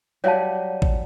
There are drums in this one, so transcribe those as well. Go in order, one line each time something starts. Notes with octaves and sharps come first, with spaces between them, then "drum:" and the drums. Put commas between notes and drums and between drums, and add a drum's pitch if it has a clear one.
F#3 G3 C#5 F5 A5
drum: kick A1